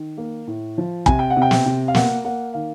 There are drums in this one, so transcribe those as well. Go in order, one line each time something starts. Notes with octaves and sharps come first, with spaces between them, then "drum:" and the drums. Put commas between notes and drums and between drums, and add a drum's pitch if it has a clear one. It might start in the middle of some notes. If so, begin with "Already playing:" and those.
Already playing: D#3
A#3
A2
F3
C3 G#5, drum: kick
G5
F#5
C3
G5
drum: snare
C3
F5
A#3 F#5, drum: snare
A#3 F#5
D#3 F5